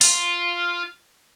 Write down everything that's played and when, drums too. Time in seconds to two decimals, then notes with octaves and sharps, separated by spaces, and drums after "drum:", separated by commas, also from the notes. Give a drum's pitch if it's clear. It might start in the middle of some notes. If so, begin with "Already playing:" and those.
0.01 F4, drum: open hi-hat